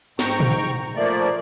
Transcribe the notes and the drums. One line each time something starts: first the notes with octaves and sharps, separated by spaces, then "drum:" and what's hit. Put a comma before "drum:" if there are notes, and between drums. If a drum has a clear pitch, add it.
G#2 G5 A#5 C#6, drum: snare
drum: tom A#2
F3 A3 A#3 D5